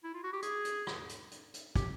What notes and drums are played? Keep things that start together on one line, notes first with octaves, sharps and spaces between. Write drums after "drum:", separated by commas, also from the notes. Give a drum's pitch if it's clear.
E4
F4
F#4
G4
G#4, drum: hi-hat
drum: hi-hat
drum: rim click
drum: hi-hat
drum: hi-hat
drum: hi-hat
G4, drum: kick, hi-hat